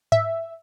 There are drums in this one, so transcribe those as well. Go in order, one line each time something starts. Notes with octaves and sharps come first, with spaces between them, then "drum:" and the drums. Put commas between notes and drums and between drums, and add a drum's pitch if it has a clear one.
E5, drum: tom G#2